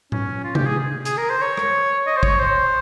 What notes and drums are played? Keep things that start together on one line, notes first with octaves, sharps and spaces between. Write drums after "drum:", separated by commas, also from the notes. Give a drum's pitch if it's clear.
C#4, drum: tom A2
F4
G4, drum: tom C3
G#4
G#4, drum: hi-hat
A#4
C5
C#5
drum: rim click
D#5
C5
C#5, drum: kick
C5